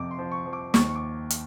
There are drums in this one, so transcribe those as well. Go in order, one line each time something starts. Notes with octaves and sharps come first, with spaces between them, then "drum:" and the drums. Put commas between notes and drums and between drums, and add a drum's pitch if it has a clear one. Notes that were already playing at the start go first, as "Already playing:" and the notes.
Already playing: F2 C3 F3 D6
C6
F3
C#6
F3
D6
D#2 C#6, drum: snare
C#6
D6
drum: hi-hat